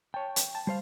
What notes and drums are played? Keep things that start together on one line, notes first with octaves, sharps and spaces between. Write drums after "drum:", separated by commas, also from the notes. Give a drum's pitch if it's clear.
C#5 G5 A5
drum: hi-hat
A5
G3 C5 F5